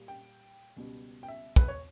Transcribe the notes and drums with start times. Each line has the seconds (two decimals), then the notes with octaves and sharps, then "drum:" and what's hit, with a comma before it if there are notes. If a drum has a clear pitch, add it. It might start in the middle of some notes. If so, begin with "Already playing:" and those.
Already playing: A#2 G3
0.08 G5
0.77 C#2 B2 G3
1.23 G5
1.28 E5
1.56 B4, drum: kick
1.68 C#5